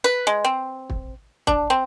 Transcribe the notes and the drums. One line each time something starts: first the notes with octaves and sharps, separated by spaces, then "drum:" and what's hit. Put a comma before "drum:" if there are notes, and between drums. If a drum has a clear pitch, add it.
B4
G#3
C4
drum: kick
D4, drum: kick
C4